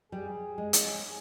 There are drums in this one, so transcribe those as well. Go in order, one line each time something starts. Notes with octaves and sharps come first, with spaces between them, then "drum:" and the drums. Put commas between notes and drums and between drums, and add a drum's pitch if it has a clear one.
G3 G#4
G#3
drum: hi-hat